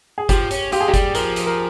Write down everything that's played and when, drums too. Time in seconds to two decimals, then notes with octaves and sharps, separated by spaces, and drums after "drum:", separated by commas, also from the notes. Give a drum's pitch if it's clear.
0.18 G#4
0.29 F3 G4, drum: kick F#1, hi-hat
0.51 C#4, drum: hi-hat
0.72 F4 G4, drum: hi-hat
0.80 G#4
0.88 G#3 G4
0.94 G3, drum: kick F#1, hi-hat
1.15 F3 A#4, drum: hi-hat
1.36 drum: hi-hat
1.46 A#4